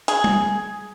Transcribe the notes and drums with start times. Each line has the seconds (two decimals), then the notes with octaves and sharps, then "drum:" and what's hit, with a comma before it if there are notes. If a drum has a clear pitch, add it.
0.08 G#4, drum: hi-hat
0.24 drum: tom G3